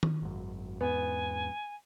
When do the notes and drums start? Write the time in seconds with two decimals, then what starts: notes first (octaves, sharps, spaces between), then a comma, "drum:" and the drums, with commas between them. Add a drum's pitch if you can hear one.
0.03 drum: tom D#3
0.22 G#1 F#2
0.81 E2 G#2 E3 B3 G#5